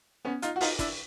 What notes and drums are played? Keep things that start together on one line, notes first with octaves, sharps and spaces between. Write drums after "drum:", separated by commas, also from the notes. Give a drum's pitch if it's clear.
B3 C#4
D#4 F4, drum: hi-hat
F#4
D#4 F4, drum: open hi-hat
D4 E4, drum: kick, hi-hat